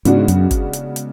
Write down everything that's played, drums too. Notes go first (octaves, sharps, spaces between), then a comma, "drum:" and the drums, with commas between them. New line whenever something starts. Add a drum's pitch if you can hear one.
G#2 C#3 G#3 B3 D4 F#4, drum: hi-hat
F#2, drum: hi-hat
drum: kick, hi-hat
drum: hi-hat
drum: hi-hat